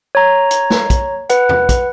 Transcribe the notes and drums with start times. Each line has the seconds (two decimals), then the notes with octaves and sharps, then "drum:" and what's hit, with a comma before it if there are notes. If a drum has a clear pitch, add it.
0.15 C#5 A#5
0.51 drum: hi-hat
0.70 drum: snare
0.90 drum: kick, hi-hat
1.30 B4 F#5, drum: hi-hat
1.49 drum: tom E2
1.69 drum: kick, hi-hat